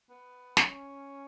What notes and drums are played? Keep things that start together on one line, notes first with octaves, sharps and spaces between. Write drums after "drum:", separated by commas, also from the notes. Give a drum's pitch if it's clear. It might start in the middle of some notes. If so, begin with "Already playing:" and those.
B3
C#4, drum: snare